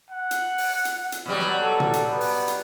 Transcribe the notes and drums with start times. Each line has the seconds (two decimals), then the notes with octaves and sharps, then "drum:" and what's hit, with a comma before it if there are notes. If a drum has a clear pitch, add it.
0.10 F#5
0.31 drum: hi-hat
0.58 drum: open hi-hat
0.85 drum: hi-hat
1.12 drum: hi-hat
1.26 B2 F#3 G3
1.39 drum: snare
1.61 A4
1.80 drum: tom A#2
1.93 drum: hi-hat
2.09 B3
2.21 drum: open hi-hat
2.48 drum: hi-hat